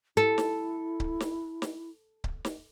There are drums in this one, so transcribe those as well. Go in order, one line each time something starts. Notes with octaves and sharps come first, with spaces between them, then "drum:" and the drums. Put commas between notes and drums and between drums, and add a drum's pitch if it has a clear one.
E4 A4
drum: snare
drum: kick C#1
drum: snare
drum: snare
drum: kick C#1
drum: snare